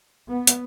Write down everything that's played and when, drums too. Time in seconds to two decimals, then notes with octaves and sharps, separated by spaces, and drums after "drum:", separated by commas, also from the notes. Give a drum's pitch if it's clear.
0.29 B3
0.47 drum: hi-hat